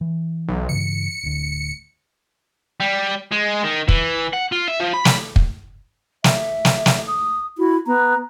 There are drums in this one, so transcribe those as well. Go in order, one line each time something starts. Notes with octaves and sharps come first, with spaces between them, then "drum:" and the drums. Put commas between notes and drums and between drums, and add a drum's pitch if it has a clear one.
E3
B1
G2 C#3 E3 C#7
D1 D2
G3
G#3
D#3
E3, drum: kick
F#5
F4
E5
F3
B5
B5, drum: snare
drum: kick
E5, drum: snare
drum: snare
drum: snare
D#6
E4 F#4
B3 A#5